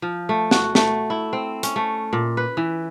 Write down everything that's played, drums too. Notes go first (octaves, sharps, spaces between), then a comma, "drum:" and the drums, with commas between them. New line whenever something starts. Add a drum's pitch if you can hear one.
F3
A3
F#4, drum: snare
A3, drum: snare
E4
C4
C#4, drum: hi-hat
A3
A#2
B4
E3